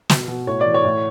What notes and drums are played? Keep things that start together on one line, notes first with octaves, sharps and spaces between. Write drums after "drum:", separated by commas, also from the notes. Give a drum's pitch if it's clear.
B2, drum: snare
B2
A2 C#5
E3 D5
C#5
A2